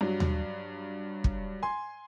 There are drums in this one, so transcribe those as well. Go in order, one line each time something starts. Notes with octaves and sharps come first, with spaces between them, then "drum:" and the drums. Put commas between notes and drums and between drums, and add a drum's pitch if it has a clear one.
G2 F#3
drum: tom D#2
drum: kick
G#5 C6